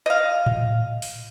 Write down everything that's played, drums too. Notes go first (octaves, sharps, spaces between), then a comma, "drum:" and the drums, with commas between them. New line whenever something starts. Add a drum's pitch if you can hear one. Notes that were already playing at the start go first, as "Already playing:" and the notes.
D#5 F5
drum: tom A2
drum: open hi-hat